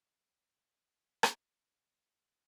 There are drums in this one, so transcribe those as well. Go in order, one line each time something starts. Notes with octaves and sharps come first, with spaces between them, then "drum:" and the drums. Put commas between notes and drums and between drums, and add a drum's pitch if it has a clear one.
E3
G3
G3
drum: rim click
F#3